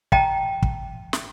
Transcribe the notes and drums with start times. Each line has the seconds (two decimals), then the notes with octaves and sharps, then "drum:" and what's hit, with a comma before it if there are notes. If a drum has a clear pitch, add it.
0.12 D#5 G5 A5 A#5, drum: kick
0.62 drum: kick
1.13 drum: snare